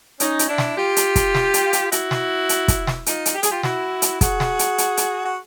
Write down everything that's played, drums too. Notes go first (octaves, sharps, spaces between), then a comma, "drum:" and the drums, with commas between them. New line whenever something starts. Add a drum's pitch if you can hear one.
C#4 D#4, drum: hi-hat
drum: hi-hat
D4 E4
drum: snare
F4 G4
drum: hi-hat
drum: kick, hi-hat
drum: snare
drum: hi-hat
drum: hi-hat
E4 F#4, drum: hi-hat
drum: snare
drum: hi-hat
drum: kick, hi-hat
drum: snare
D#4 F4, drum: hi-hat
drum: hi-hat
G4
G#4, drum: hi-hat
F4 G4
E4 F#4, drum: snare
drum: hi-hat
F#4 G#4, drum: kick, hi-hat
drum: snare
drum: hi-hat
drum: hi-hat
drum: hi-hat
F#4